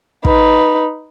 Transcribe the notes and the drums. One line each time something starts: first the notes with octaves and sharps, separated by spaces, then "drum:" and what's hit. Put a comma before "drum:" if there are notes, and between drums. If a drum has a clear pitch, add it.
D#4 B4, drum: kick